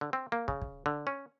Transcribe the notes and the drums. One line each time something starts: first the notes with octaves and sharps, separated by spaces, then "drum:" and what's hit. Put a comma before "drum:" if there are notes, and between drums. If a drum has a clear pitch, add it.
D3
C4
A#3
C#3, drum: kick
drum: kick
D3
C#4